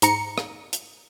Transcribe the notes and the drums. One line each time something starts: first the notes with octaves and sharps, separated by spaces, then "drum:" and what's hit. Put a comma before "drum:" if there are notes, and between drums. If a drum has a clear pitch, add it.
G#2 A#5 C#7, drum: hi-hat
drum: rim click
drum: hi-hat